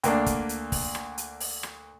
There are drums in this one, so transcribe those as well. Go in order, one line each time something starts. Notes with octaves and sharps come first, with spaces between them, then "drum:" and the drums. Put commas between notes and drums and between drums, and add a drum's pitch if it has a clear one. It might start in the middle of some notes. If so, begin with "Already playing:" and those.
D2 A#3 D4, drum: hi-hat
drum: kick, hi-hat
drum: hi-hat
drum: kick, open hi-hat
drum: rim click
drum: hi-hat
drum: open hi-hat
drum: rim click